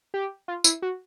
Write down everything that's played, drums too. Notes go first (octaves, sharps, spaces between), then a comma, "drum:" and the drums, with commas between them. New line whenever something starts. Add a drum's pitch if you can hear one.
G4
F4
E4, drum: tambourine
F#4